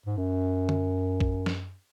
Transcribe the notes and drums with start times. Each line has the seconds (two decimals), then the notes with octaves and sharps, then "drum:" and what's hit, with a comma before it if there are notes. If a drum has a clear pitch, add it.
0.06 G#2
0.17 F#2
0.69 drum: tom D3
1.20 drum: kick A1
1.46 drum: snare